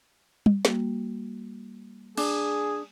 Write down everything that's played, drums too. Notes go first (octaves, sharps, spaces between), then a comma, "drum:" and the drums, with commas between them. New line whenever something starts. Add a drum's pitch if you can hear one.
drum: tom G3
G3 A#3 F#4, drum: snare
D4 G#4, drum: cymbal